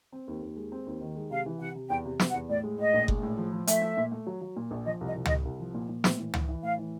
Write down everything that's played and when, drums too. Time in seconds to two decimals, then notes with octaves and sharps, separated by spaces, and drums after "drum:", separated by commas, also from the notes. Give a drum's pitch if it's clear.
0.13 C4
0.28 D#2
0.42 D#2
0.57 G#3
0.72 C4
0.86 D#2
1.01 D#3
1.16 G#3
1.31 C3 F5
1.46 E3
1.60 C3 F#5
1.75 C3
1.90 E2 G5
2.05 C3
2.20 C3, drum: snare
2.29 F#5
2.34 E2
2.49 A2 D5
2.64 G#3
2.78 A2 D#5
2.94 A#1
3.08 G#3, drum: kick F#1
3.23 A2
3.38 F3
3.53 F3
3.67 A3 E5, drum: hi-hat
3.82 A3
3.97 A#2
4.12 A3
4.27 F#3
4.41 F#3
4.56 A#2
4.71 A#1
4.85 F3 D#5
5.01 C2
5.06 D#5
5.15 C2
5.26 D#5, drum: tom
5.30 C2
5.45 C2
5.60 F3
5.74 A#2
5.89 A#2
6.04 A2, drum: snare
6.19 E3
6.34 E3, drum: tom
6.49 E3
6.63 A2 F5
6.78 E3